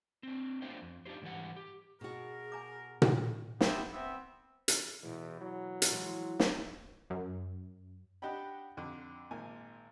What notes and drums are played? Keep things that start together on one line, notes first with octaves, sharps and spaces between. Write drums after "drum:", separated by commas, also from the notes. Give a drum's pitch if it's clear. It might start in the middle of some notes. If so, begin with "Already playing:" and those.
C4 D4
A3 B3 D4 F4 C5 G5
F2
D4 D#4 F4 G4 C5
G#2 D3 E3 G3 G4 F#5
G4
B2 F#4 G#4 A#4
G#5 A#5 D6
drum: tom A#2
B3 C4 G4 E5, drum: snare
B3 C4 E5
drum: hi-hat
E2 B2 E3
F#3
drum: hi-hat
E3 F3 G#3
C#5 D#5 E5, drum: snare
F#2
D4 G4 D#5 F#5 G5 B5
F2 D3
G#1 A#2 G#5